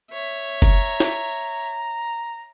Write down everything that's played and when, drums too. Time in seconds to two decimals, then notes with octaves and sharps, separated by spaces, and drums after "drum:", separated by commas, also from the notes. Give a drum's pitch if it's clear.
0.11 C#5 E5
0.62 A#5, drum: kick F#1
1.00 drum: snare